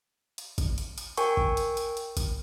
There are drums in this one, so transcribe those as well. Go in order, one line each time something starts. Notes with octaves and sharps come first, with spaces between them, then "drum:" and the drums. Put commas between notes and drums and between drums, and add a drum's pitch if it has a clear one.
drum: hi-hat
drum: kick G#1, hi-hat
drum: hi-hat
drum: hi-hat
A#4 G5 G#5 C#6, drum: hi-hat
drum: kick G#1
drum: hi-hat
drum: hi-hat
drum: hi-hat
drum: kick G#1, hi-hat